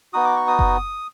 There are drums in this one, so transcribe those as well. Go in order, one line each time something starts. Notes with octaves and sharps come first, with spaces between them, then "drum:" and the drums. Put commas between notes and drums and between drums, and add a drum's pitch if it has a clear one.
B3 D#4 F#4 D#6
D6
C#6
D#6
drum: kick F#1